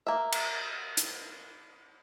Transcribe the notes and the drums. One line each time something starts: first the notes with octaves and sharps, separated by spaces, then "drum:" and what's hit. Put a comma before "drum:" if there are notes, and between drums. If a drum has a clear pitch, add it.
A#3 E5
drum: cymbal
drum: hi-hat